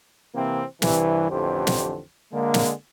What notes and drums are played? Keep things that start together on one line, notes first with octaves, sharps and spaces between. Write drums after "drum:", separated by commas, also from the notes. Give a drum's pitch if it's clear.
C3 E3 A#3 C4
C2 G2 C3 E3, drum: snare
A1 F2 D3 E3 G4 C5
drum: snare
D3 G#3 A#3
drum: snare